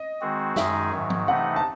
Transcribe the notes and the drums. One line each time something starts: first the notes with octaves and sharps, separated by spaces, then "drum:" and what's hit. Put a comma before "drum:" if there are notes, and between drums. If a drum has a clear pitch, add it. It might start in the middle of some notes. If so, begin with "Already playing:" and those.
Already playing: D#5
D#3 G#3 C4 F#4
F#2 D#3 G#3 D#4 G#4 E5, drum: snare
G#2 D#3 F#3
drum: tom F3
C3 E3 A3 D#4 F#5
A5